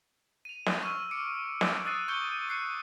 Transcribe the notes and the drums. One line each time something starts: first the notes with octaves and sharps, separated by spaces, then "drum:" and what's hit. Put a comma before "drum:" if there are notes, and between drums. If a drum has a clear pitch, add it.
D#7 F7
drum: snare
C#6 E6 F6 D#7
D6 C#7 D7
drum: snare
D#6 E6 F#6 A6 C7 D#7
C#6 G6 C#7 G7
F#6 C7 C#7